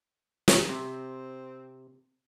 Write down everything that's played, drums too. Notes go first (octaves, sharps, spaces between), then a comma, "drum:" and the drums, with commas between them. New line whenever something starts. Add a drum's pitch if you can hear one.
drum: snare
C3 C4